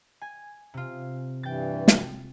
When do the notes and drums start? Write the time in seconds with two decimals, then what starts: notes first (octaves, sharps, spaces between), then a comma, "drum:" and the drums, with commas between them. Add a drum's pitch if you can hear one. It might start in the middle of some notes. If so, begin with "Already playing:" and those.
0.22 G#5
0.74 C3 F4
1.43 G2 E3 G5 A6
1.88 drum: snare